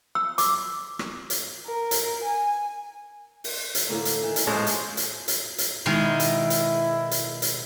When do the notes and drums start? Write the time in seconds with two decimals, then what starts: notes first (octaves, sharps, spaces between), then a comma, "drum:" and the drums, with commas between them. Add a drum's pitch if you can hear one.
0.15 E6
0.38 D6, drum: hi-hat
0.99 drum: rim click
1.30 drum: hi-hat
1.66 A#4
1.91 drum: hi-hat
2.24 G#5
3.44 drum: open hi-hat
3.75 drum: hi-hat
3.89 A2 D3 A#3
4.05 drum: hi-hat
4.23 D#3 E3
4.36 drum: hi-hat
4.47 A2 G#3 D4 F4 C5
4.67 drum: hi-hat
4.97 drum: hi-hat
5.28 drum: hi-hat
5.58 drum: hi-hat
5.86 B2 D#3 G#3 E4
6.20 drum: hi-hat
6.50 drum: hi-hat
7.11 drum: hi-hat
7.42 drum: hi-hat